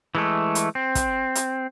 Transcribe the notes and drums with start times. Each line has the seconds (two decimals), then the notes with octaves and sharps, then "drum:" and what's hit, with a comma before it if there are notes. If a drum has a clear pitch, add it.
0.15 E3 G#3 A3
0.55 drum: hi-hat
0.75 C4
0.95 drum: kick, hi-hat
1.35 drum: hi-hat